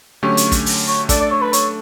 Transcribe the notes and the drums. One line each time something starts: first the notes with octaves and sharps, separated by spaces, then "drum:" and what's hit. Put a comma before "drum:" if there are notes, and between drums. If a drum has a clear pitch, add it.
D3 F#3 A3 C#4 G4 C#5
drum: hi-hat
drum: kick, hi-hat
drum: open hi-hat
C#5
A3 D4 A4 D5, drum: kick, hi-hat
D5
C#5
B4
C#5, drum: hi-hat